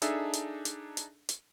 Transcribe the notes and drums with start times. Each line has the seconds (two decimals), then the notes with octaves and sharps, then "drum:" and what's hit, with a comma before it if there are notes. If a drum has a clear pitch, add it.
0.02 D4 D#4 G#4 A4 E5, drum: hi-hat
0.33 drum: hi-hat
0.65 drum: hi-hat
0.97 drum: hi-hat
1.29 drum: hi-hat